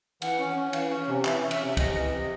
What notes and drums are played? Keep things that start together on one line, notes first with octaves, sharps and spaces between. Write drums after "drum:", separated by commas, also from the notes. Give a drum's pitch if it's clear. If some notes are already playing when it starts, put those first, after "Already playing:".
E3 F#5, drum: cymbal
C#4
C#4
E3 F5, drum: cymbal
C#4
C3
E3 E5, drum: clap
C#4
E5, drum: cymbal
C3
C3 D#5, drum: kick, cymbal
E3
C3